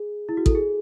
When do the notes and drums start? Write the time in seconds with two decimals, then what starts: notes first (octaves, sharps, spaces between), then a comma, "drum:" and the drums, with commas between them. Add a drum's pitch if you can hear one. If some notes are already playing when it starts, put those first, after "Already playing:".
Already playing: G#4
0.29 E4
0.37 F#4
0.46 A4, drum: kick
0.55 G#4